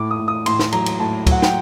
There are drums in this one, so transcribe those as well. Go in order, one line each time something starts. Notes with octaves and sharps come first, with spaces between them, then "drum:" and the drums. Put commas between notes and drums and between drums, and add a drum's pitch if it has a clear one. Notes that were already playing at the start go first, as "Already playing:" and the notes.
Already playing: A2 D6
D#6
A2
D#6
A2 C6, drum: cymbal
drum: snare
F#3 A#5, drum: cymbal
drum: cymbal
A2 A5
F#3 F#5, drum: kick, cymbal
G5, drum: snare